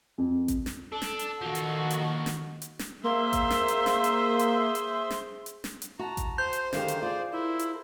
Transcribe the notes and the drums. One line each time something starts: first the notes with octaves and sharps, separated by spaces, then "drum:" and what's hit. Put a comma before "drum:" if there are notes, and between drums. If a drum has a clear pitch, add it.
F2
drum: kick A1, hi-hat
drum: snare
D4 A4
drum: snare
drum: hi-hat
D#3 F3 A#3 F#4
drum: hi-hat
drum: hi-hat
drum: snare
drum: hi-hat
drum: snare
A#3 G#4 C5 E5 C6
drum: kick A1, hi-hat
drum: snare
drum: hi-hat
drum: snare
drum: hi-hat
drum: hi-hat
drum: hi-hat
drum: snare
drum: hi-hat
drum: snare
drum: hi-hat
F#4 A5 A#5
drum: kick A1, hi-hat
C5 C6 G6
drum: hi-hat
D3 D#3 G4 G#4 F5, drum: snare
drum: hi-hat
F4 G#4 D5
E4 A#4 C5
drum: hi-hat